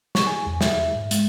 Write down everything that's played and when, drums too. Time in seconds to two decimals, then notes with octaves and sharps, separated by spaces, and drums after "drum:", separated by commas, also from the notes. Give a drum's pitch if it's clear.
0.15 C#6, drum: snare
0.27 G#5
0.46 E2
0.61 E5, drum: snare
0.73 E5
0.95 G#2
1.11 G#3, drum: hi-hat